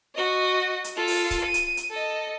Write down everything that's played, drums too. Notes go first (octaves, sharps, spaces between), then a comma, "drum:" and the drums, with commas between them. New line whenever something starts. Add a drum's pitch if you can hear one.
F#4 D#5
drum: hi-hat
F4 A4
drum: open hi-hat
drum: kick C#1, hi-hat
D#7
drum: hi-hat
drum: hi-hat
A4 D#5